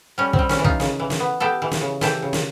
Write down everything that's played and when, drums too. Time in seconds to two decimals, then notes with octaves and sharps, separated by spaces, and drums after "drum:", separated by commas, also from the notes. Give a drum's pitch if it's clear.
0.18 G3 C#4
0.33 C4, drum: kick
0.39 G3
0.49 C#4, drum: snare
0.59 E3
0.64 D#4 F4, drum: kick
0.80 C#3, drum: snare
1.00 E3
1.10 drum: snare
1.20 B3
1.40 B3 G4 A4
1.62 E3
1.71 drum: snare
1.81 C#3
2.01 E3 G4 A4, drum: snare
2.22 C#3
2.33 drum: snare